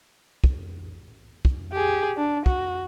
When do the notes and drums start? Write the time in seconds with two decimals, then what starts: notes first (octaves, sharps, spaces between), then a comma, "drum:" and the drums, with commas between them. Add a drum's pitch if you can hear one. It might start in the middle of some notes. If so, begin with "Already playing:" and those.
0.44 drum: kick
1.45 drum: kick
1.72 G4 G#4
2.17 D4
2.46 F#4, drum: kick